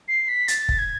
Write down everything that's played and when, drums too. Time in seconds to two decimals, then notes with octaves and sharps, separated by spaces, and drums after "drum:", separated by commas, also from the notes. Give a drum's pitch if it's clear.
0.08 C7
0.28 B6
0.48 A6, drum: hi-hat
0.69 drum: kick
0.79 G#6